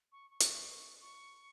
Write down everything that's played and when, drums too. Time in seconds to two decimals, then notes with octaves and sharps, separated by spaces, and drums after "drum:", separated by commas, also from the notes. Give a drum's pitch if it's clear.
0.12 C#6
0.30 C#6
0.40 drum: hi-hat
1.01 C#6